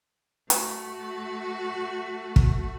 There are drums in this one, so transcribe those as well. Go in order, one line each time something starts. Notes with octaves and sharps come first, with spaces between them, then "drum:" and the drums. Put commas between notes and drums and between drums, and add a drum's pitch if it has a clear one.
A3 F#4, drum: hi-hat
drum: kick